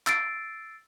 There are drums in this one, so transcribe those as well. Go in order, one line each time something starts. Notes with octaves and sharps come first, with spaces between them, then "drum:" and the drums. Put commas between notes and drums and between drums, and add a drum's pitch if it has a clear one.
E6 A6 C7 D7, drum: clap